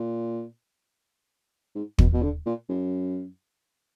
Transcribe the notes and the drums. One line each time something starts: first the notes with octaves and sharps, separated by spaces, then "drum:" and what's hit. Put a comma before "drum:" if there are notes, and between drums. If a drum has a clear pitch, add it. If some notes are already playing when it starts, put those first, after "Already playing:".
Already playing: A#2
G#2
B2, drum: kick
B2
D3
A#2
F#2